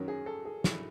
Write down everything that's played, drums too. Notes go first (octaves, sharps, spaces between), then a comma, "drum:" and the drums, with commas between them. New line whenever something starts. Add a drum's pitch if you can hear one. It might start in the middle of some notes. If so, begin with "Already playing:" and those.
Already playing: F#2 D#3 F#3 C#4
G#4
A4
G#4
E4, drum: snare